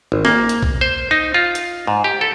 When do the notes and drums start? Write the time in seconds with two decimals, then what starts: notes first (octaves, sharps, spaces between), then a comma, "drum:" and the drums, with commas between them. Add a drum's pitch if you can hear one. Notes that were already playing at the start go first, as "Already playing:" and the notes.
0.12 G#1
0.25 A#3, drum: snare
0.49 drum: hi-hat
0.63 drum: kick B1
0.81 C5
1.11 D#4
1.34 F4
1.55 drum: hi-hat
1.87 G#2
2.04 G4
2.21 A4